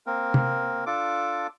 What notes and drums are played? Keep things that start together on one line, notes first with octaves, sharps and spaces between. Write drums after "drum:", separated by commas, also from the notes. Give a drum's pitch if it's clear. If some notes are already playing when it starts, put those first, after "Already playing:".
A#3 C4 A#4
drum: tom
D4 F4 A4 D6